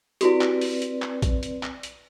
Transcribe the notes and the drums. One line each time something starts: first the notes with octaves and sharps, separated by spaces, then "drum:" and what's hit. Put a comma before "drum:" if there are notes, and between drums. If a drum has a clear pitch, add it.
C4 E4 F#4 G4 B4 D5, drum: hi-hat
drum: clap
drum: open hi-hat
drum: hi-hat
drum: clap
drum: kick A#1, hi-hat
drum: hi-hat
drum: clap
drum: hi-hat